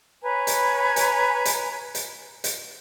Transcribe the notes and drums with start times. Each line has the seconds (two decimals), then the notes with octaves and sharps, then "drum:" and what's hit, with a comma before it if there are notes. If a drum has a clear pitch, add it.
0.22 B4 C#5 G#5 A#5
0.47 drum: hi-hat
0.96 drum: hi-hat
1.45 drum: hi-hat
1.95 drum: hi-hat
2.44 drum: hi-hat